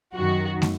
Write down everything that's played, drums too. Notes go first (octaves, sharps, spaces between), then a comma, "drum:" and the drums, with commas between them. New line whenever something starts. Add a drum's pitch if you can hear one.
F#2 D#3 F#4
drum: snare